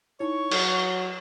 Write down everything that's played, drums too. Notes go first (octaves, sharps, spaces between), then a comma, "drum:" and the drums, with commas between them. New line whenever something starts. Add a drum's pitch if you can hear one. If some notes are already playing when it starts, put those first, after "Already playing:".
D#4 E4 C#5 C#6
F#3 F6, drum: cymbal